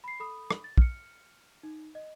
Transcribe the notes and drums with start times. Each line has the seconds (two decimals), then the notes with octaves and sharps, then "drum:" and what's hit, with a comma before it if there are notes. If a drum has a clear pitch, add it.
0.04 B5 C7
0.20 A4 B5 D#6
0.51 drum: rim click
0.64 A6
0.78 F6 C#7, drum: kick
1.63 D#4
1.95 D#5